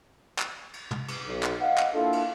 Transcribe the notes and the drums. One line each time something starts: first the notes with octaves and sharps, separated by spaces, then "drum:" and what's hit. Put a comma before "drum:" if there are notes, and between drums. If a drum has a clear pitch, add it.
drum: clap
drum: cymbal
drum: tom
drum: cymbal
B1
drum: clap
D#5 F5 F#5
drum: clap
A#3 D4 E4 F4 A4
drum: cymbal